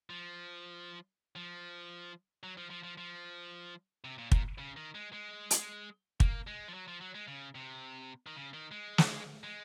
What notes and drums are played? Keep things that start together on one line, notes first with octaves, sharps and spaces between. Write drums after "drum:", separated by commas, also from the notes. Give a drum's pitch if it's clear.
F3
F3
F#3
F3
F3
F3
F3
C3
A#2
A#2, drum: kick
C#3
D#3
G#3
G#3
drum: hi-hat
A#3, drum: kick
G#3
F3
F#3
F3
F#3
G#3
C#3
C3
D#3
C#3
D#3
G#3
drum: snare
G#3